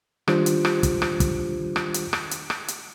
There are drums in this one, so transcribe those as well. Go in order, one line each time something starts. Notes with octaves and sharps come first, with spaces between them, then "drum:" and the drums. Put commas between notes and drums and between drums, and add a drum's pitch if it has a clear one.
D#3 G3 D4 F4 G4 C5, drum: rim click
drum: hi-hat
drum: rim click
drum: kick, hi-hat
drum: rim click
drum: kick, hi-hat
drum: rim click
drum: hi-hat
drum: rim click
drum: hi-hat
drum: rim click
drum: hi-hat